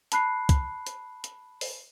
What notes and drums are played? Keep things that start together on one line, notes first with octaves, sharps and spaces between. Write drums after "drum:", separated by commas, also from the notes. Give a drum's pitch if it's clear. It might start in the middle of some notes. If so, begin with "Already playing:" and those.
A5 B5 F#6 C7, drum: hi-hat
drum: kick, hi-hat
drum: hi-hat
drum: hi-hat
drum: open hi-hat